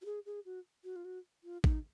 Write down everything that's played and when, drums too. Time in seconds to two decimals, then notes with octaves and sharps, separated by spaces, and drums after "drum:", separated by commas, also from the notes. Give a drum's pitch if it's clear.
0.02 F#4
0.05 G#4
0.26 G#4
0.45 F#4
0.84 F#4
0.96 F4
1.05 F#4
1.44 F4
1.64 D#4, drum: kick